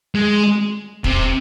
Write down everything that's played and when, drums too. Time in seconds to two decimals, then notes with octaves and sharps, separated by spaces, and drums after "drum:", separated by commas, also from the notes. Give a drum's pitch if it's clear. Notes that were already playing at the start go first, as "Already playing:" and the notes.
0.15 G#3
1.04 C3, drum: kick